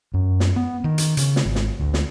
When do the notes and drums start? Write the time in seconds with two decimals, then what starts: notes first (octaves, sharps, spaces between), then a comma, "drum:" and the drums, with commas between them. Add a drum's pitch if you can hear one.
0.14 F#2
0.40 drum: snare
0.56 B3
0.84 D#3
0.98 drum: hi-hat
1.17 C#3, drum: hi-hat
1.36 drum: snare
1.45 G#1
1.55 drum: snare
1.80 D2
1.94 drum: snare